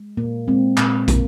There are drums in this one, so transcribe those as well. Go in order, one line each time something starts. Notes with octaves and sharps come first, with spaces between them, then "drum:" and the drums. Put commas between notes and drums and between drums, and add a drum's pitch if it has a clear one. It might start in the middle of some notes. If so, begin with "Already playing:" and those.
Already playing: G#3
A#2 A#3
G#3 C4
A#2 C4, drum: clap
G#3 A#3, drum: kick, hi-hat